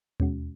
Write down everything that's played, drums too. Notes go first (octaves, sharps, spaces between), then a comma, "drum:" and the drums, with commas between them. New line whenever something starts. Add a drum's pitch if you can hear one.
E2 B2 G#3 C#4 F#4, drum: tom D#2